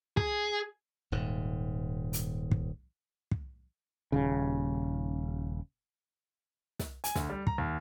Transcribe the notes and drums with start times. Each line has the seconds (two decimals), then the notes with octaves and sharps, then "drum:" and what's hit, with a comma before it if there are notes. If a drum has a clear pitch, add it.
0.17 G#4, drum: kick
1.12 D#1 G#2
2.13 drum: hi-hat
2.51 drum: kick
3.31 drum: kick
4.12 D#1 C#3
6.79 drum: snare
7.04 G#5, drum: hi-hat
7.15 D2, drum: snare
7.30 G3
7.47 A#5, drum: kick
7.58 D#2